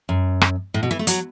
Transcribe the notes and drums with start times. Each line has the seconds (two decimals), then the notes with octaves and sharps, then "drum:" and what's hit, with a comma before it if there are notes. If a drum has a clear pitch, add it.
0.09 F#2
0.41 drum: rim click
0.74 A2
0.83 B2
0.91 E3
0.99 A3
1.07 F#3, drum: hi-hat